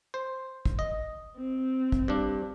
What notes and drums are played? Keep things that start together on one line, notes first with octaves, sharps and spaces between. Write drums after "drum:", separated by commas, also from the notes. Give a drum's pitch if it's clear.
C5
drum: kick
D#5
C4
drum: kick
G2 D4